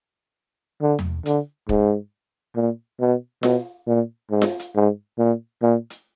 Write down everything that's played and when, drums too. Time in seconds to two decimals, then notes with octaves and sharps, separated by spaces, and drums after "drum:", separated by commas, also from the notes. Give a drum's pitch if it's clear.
0.82 D3
0.99 drum: tom E2
1.26 D3, drum: hi-hat
1.69 G#2, drum: kick
2.56 A#2
3.00 B2
3.43 B2, drum: snare F4
3.87 A#2
4.31 G#2
4.42 drum: snare F4
4.59 drum: hi-hat
4.75 G#2
5.19 A#2
5.62 A#2
5.90 drum: hi-hat